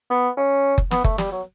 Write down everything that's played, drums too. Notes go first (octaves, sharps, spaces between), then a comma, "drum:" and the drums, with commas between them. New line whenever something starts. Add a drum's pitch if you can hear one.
B3
C#4
drum: kick F#1
B3, drum: snare
A3, drum: kick F#1
G3, drum: snare
F#3